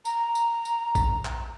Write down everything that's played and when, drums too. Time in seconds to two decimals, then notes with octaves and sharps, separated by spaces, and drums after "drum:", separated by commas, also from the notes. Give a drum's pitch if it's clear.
0.05 A#5, drum: tambourine
0.35 drum: tambourine
0.65 drum: tambourine
0.95 drum: kick A1, tambourine
1.25 drum: clap